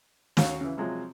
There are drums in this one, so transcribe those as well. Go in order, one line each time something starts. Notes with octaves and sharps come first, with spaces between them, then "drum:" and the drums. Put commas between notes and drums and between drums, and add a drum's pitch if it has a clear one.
D#2 C#4 F#4 F5, drum: snare
C#3 E3
C3 F3 F#3 G#3